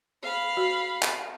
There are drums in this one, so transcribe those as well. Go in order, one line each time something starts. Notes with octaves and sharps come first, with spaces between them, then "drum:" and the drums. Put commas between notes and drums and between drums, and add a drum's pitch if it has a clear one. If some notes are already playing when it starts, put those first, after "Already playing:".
F5 B5
F#4
drum: clap